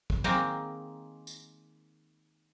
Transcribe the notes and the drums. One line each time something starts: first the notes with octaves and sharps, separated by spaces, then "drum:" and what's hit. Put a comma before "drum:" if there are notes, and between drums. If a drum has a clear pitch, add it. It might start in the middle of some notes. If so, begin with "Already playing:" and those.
drum: kick
D#3 G#3 A#3 C4, drum: tom
drum: tambourine